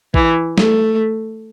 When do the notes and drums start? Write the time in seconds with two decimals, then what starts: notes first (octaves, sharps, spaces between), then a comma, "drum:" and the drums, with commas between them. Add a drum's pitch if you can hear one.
0.14 E3, drum: kick A#1
0.58 A3, drum: snare